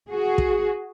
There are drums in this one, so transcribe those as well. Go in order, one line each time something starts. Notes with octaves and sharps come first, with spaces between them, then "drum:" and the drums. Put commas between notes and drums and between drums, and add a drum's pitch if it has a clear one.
F#4 G#4
drum: kick